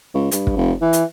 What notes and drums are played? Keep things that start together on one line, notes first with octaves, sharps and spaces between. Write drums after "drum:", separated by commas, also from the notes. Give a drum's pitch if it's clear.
C#2
G2, drum: hi-hat
drum: kick
F1
E3
drum: hi-hat